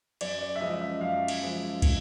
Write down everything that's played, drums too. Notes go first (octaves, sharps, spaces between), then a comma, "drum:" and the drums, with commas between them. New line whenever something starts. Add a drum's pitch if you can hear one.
F#2 D5, drum: cymbal
D5
E5
C#3 F3 G#3 D#5
E5
F#2 F5
drum: cymbal
C#3 F3 G#3
drum: kick, cymbal